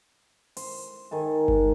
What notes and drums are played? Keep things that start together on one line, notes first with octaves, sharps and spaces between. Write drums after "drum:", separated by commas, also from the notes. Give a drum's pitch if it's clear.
C5, drum: open hi-hat
D#3 G#4 A4
G#2, drum: kick G1